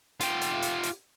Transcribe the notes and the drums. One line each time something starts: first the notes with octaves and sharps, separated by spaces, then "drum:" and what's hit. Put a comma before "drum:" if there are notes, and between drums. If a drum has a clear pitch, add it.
F4 G4, drum: hi-hat
drum: hi-hat
drum: hi-hat
drum: hi-hat